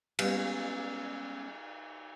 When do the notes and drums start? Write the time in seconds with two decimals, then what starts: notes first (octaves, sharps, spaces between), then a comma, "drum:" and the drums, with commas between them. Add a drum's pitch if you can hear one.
0.19 G3 G#3 A#3 B3 C#4, drum: cymbal